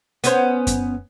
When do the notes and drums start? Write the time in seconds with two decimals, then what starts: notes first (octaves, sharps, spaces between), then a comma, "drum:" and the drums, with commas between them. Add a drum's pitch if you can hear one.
0.24 B3 C#4 C5, drum: hi-hat
0.67 drum: kick F#2, hi-hat